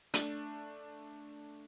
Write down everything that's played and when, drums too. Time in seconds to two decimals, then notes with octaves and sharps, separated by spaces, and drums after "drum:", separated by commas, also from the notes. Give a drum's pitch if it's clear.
0.14 A3 D4, drum: hi-hat